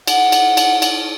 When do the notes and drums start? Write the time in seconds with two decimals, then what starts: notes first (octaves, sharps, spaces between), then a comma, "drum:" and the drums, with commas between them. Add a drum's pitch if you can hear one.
0.07 F#5, drum: cymbal
0.32 drum: cymbal
0.57 drum: cymbal
0.82 drum: cymbal